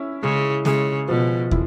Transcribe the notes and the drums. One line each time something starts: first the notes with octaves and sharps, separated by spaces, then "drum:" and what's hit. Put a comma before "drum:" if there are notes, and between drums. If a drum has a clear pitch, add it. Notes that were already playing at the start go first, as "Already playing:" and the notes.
Already playing: C#4 E4
C#3 G#3
C#3 G#3, drum: snare
B2 F3
E4, drum: kick